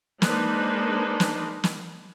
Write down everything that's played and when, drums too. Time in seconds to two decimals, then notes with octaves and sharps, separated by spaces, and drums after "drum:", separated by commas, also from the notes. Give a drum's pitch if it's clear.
0.22 G#3 A#3 D4 D#4 B4 C5, drum: snare
1.20 drum: snare
1.64 drum: snare